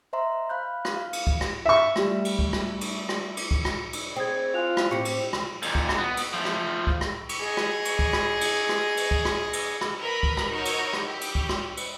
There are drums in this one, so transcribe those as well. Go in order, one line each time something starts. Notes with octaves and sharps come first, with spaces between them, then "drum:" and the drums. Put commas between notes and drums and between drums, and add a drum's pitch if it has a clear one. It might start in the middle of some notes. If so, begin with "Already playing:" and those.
C5 D#5 E5 A#5 C6
F5 B5 F#6 G6
drum: rim click
F5
drum: cymbal
drum: kick
drum: rim click
E5 C#6
G3 A3, drum: rim click
drum: cymbal
drum: kick
drum: rim click
drum: cymbal
drum: rim click
drum: cymbal
drum: kick
drum: rim click
drum: cymbal
C4 G#4 G5 D#6 G#6
F4 G#5 F#6 F7
drum: rim click
A2 C4 G4 C#6 C#7
drum: cymbal
drum: rim click
D#2 A#2, drum: cymbal
drum: kick
drum: rim click
B3
drum: cymbal
F3 A3
drum: rim click
drum: kick
drum: rim click
drum: cymbal
G#4 D#5
drum: rim click
drum: cymbal
drum: kick
drum: rim click
drum: cymbal
drum: rim click
drum: cymbal
drum: kick
drum: rim click
drum: cymbal
drum: rim click
A#4 B4 A#5 B5
drum: kick
drum: rim click
D#4 F#4 A#4 C#5
drum: cymbal
drum: rim click
G4
drum: cymbal
drum: kick
drum: rim click
drum: cymbal